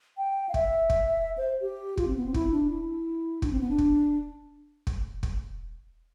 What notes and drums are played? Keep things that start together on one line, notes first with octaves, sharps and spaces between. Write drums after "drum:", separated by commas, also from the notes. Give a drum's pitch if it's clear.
G5
F5
E5, drum: kick
drum: kick
C5
G4
F4, drum: kick
C4
B3
C4
E4, drum: kick
D4
E4
D4, drum: kick
C4
B3
D4
drum: kick
drum: kick
drum: kick